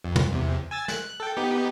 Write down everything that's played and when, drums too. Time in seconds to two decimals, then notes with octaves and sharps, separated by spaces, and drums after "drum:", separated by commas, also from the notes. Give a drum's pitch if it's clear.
0.04 F2
0.16 drum: tom
0.32 E2 C3
0.71 G#5 E6 A6
0.88 F#6, drum: snare
1.20 A4 G5
1.37 B3 D#4 G4